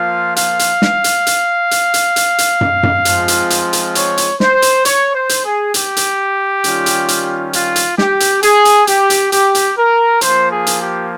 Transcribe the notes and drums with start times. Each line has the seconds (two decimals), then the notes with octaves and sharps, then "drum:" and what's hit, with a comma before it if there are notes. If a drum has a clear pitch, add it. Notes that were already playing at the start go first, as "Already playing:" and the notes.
Already playing: F3 A#3 F4 F5
0.36 F5, drum: hi-hat
0.59 drum: hi-hat
0.82 drum: snare
1.04 drum: hi-hat
1.27 drum: hi-hat
1.71 drum: hi-hat
1.94 drum: hi-hat
2.16 drum: hi-hat
2.38 drum: hi-hat
2.61 drum: tom
2.83 drum: tom
3.05 F3 G#3 C4 F4, drum: hi-hat
3.28 drum: hi-hat
3.50 drum: hi-hat
3.73 drum: hi-hat
3.95 C#5, drum: hi-hat
4.17 drum: hi-hat
4.40 C5, drum: snare
4.62 drum: hi-hat
4.85 C#5, drum: hi-hat
5.15 C5
5.29 drum: hi-hat
5.45 G#4
5.74 G4, drum: hi-hat
5.97 drum: hi-hat
6.64 D#3 G3 C#4 F4, drum: hi-hat
6.86 drum: hi-hat
7.08 drum: hi-hat
7.53 F4, drum: hi-hat
7.76 drum: hi-hat
7.98 G4, drum: snare
8.20 drum: hi-hat
8.43 G#4, drum: hi-hat
8.65 drum: hi-hat
8.87 G4, drum: hi-hat
9.10 drum: hi-hat
9.32 G4, drum: hi-hat
9.55 drum: hi-hat
9.78 A#4
10.21 F3 A#3 F4 C5, drum: hi-hat
10.51 G#4
10.67 drum: hi-hat
10.81 G4